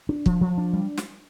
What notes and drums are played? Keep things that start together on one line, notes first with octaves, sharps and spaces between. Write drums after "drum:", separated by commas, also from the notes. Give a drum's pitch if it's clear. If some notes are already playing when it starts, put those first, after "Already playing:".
D4
F3, drum: kick
F3
D4
G3
drum: snare